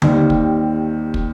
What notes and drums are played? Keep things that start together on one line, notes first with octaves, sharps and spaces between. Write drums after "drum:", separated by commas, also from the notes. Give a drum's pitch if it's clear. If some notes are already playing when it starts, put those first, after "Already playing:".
D#2 D#3 G3 C4, drum: tom D3
drum: kick
drum: kick